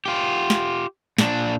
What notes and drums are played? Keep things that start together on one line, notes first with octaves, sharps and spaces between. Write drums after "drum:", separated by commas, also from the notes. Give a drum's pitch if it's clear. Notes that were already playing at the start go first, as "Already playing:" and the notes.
F4 G4
drum: snare
A#2 D4, drum: snare